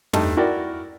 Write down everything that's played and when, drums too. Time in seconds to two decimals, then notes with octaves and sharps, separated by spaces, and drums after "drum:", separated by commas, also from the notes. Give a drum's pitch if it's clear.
0.13 G2 G3 A3 D#4 A5, drum: tom
0.37 E4 F#4 A#4 D5 G5